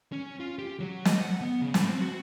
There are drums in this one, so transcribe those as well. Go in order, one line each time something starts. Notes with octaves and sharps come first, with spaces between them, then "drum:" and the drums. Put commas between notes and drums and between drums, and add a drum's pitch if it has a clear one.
C#4
F4
G4
F#3
D#5, drum: snare
F#5
B3
C#3
A2, drum: snare
C4
F#4